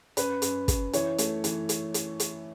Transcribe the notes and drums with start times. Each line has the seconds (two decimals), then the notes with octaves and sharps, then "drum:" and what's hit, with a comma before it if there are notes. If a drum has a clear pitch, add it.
0.17 F#2 B4, drum: hi-hat
0.42 F#2, drum: hi-hat
0.68 F#2, drum: kick, hi-hat
0.93 E3 C#5, drum: hi-hat
1.18 A3, drum: hi-hat
1.44 E3, drum: hi-hat
1.69 drum: hi-hat
1.94 drum: hi-hat
2.20 drum: hi-hat